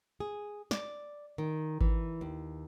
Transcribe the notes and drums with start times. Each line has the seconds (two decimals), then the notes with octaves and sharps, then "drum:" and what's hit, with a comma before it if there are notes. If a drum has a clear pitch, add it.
0.20 G#4
0.71 D5, drum: snare
1.38 D#3
1.81 E3, drum: kick G#1
2.21 D#2